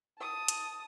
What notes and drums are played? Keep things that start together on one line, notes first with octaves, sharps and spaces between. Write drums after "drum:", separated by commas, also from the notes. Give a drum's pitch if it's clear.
A5 D#6
drum: hi-hat